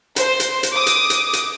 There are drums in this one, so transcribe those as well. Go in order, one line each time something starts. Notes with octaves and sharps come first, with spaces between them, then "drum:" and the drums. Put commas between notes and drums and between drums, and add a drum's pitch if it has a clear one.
C5, drum: hi-hat
drum: hi-hat
drum: hi-hat
D6 D#6
drum: hi-hat
drum: hi-hat
drum: hi-hat